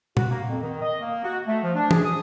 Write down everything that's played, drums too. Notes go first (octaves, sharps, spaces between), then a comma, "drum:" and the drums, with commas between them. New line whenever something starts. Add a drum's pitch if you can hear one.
F#4, drum: tom
A#3
F2
D#3
D#5
A#3
F#4
A3
F3
D4
G#4, drum: tom E3
D#6